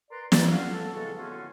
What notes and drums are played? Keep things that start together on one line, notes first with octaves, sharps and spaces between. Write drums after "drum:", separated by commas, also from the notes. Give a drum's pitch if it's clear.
A#4 B4 D5 A#5 C6
D#2 A#2 D4 D5, drum: snare
F#4 F5
A4
E2 C#3 G#3 F#4 A4
A2 D3 B3 C#4 F4 F#4